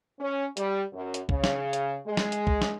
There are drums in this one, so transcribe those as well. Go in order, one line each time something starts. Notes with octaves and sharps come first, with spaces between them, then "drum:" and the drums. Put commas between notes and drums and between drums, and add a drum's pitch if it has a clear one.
C#4
G3, drum: hi-hat
F#2
drum: hi-hat
C#3, drum: kick
drum: snare
drum: hi-hat
G#3
drum: snare
drum: hi-hat
drum: kick
drum: snare